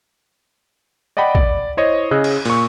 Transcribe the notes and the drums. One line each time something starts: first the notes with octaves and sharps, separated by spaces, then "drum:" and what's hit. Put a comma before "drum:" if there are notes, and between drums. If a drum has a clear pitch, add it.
D5 D#5 F#5 G5 B5
D5, drum: kick
E4 C5 C#5 D#5 C#6
C#3 G#4 D#5 E6 F#6
drum: cymbal
A#2 C#6, drum: open hi-hat